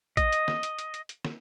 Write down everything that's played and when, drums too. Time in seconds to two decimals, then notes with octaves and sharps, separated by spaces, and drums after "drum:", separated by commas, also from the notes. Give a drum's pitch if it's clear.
0.17 D#5, drum: kick, hi-hat
0.33 drum: hi-hat
0.48 drum: snare
0.63 drum: hi-hat
0.79 drum: hi-hat
0.94 drum: hi-hat
1.09 drum: hi-hat
1.25 drum: snare